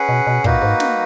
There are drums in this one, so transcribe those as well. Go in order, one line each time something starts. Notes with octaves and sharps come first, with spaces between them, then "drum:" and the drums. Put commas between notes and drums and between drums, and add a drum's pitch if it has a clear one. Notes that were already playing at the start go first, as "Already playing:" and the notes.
Already playing: C#4 G#4 B4 F#5
B2
B2
A#2 A#3 D#4 F#4 B4, drum: kick
G#2
drum: snare